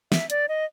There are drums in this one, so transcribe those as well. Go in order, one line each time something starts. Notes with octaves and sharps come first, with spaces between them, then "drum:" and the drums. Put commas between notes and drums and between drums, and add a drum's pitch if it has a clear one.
E5, drum: snare
D5, drum: hi-hat
D#5